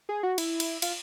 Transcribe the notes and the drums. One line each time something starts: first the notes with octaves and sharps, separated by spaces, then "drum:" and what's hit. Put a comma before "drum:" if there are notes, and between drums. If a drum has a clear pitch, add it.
G#4
F#4
E4, drum: cymbal
drum: cymbal
F4, drum: cymbal